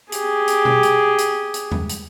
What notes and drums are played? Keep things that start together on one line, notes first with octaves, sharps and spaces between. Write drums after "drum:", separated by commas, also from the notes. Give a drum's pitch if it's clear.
G4 G#4, drum: hi-hat
drum: hi-hat
drum: tom B2
drum: hi-hat
drum: hi-hat
drum: hi-hat
drum: tom E2
drum: hi-hat